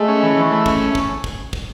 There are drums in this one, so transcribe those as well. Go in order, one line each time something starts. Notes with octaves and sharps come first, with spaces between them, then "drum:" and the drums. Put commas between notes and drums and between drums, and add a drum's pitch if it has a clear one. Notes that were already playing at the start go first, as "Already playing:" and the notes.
Already playing: G#3 A3
C#4
E3
E3
A3
C#4, drum: kick
drum: kick
drum: kick
drum: kick